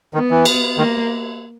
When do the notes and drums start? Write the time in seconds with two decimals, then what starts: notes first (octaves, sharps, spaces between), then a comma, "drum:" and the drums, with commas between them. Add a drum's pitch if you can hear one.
0.14 D#3 B3
0.31 E3
0.45 drum: cymbal
0.78 D#3 A#3